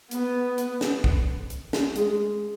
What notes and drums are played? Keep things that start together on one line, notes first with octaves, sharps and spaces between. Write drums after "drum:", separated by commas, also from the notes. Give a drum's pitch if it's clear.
B3, drum: hi-hat
drum: hi-hat
drum: snare
drum: kick
drum: hi-hat
drum: snare
G#3, drum: hi-hat